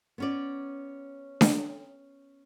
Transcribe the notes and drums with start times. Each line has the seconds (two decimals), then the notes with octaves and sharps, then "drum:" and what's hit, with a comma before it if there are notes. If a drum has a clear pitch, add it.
0.18 B3 C#4 D5
1.41 drum: snare D4